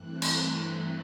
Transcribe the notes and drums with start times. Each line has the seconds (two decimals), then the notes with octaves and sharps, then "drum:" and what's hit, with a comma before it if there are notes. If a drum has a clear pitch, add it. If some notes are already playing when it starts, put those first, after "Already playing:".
Already playing: G2 E3 A3 C4 F#6
0.22 F#6, drum: cymbal